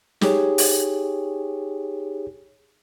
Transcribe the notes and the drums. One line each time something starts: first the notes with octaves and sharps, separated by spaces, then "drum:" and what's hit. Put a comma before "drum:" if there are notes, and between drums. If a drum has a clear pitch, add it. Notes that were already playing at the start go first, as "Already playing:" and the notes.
D#4 G4 G#4 C#5, drum: snare
drum: open hi-hat